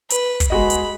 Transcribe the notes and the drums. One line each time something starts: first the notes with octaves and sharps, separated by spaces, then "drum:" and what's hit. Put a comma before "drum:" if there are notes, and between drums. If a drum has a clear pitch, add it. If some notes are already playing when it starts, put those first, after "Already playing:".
B4, drum: hi-hat
drum: kick, hi-hat
G#3 F#4 D#5 B5
drum: hi-hat